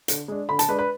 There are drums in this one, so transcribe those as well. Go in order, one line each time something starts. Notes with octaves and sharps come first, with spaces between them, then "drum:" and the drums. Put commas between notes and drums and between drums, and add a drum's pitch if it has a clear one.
D3, drum: hi-hat
G#3 D4
D3 B5
A5, drum: hi-hat
G#3 D4 B4
B4